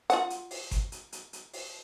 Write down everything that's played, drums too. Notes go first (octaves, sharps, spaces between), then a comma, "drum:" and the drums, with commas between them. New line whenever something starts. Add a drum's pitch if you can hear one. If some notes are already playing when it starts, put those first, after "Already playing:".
F4 F#5, drum: hi-hat
drum: hi-hat
drum: open hi-hat
drum: kick G1, hi-hat
drum: hi-hat
drum: hi-hat
drum: hi-hat
drum: open hi-hat